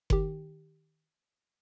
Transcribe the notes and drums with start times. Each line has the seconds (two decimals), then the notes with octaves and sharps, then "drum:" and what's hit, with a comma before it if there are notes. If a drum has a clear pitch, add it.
0.10 D#3 G4, drum: kick F#1